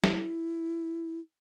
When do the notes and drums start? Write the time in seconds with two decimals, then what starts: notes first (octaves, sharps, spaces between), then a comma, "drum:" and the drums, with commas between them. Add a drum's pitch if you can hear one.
0.04 E4, drum: snare